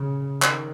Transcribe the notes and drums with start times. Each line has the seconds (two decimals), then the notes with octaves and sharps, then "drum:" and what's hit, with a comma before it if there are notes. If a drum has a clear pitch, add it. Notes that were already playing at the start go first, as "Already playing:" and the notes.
Already playing: C#3
0.42 D#3, drum: clap